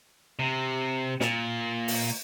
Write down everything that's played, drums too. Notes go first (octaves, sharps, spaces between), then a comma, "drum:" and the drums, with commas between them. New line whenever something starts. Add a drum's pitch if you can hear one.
C3
A#2, drum: snare
drum: open hi-hat